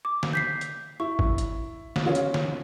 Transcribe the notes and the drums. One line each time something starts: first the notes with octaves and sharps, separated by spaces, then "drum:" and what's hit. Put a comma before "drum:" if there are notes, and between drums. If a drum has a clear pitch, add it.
D6
drum: snare
G6 B6 C7
drum: hi-hat
E4 C#6
drum: kick
drum: hi-hat
drum: snare
C#4 F4
drum: hi-hat
drum: snare